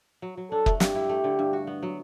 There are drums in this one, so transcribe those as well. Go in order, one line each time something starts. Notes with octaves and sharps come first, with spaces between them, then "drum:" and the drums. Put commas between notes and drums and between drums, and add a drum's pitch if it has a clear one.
F#3
F#3
D4 A4
A3, drum: kick
G2 G4, drum: snare
E4
A3
D3
G2
F#4
B3
F#3